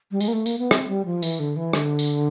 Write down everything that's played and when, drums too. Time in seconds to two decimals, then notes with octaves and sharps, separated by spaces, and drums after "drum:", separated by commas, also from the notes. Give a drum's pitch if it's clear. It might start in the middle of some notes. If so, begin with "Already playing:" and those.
0.11 G3
0.20 G#3, drum: tambourine
0.28 A#3
0.33 A3
0.46 A#3, drum: tambourine
0.59 B3
0.71 C4, drum: rim click
0.88 G3
1.05 F3
1.22 E3, drum: tambourine
1.40 D3
1.56 E3
1.73 D3, drum: rim click
1.99 drum: tambourine